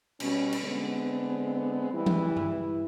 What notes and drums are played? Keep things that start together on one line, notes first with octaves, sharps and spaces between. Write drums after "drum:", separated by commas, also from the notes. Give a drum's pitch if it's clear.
B2 G3 C#4, drum: cymbal
drum: cymbal
D3 G#3 B3 C4
E3 G3 E4
drum: tom E3
drum: tom